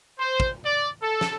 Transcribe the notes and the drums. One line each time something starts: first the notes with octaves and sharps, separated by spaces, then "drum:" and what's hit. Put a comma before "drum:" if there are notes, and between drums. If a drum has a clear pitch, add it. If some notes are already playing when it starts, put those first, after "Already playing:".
C5
drum: kick
D5
A4
drum: snare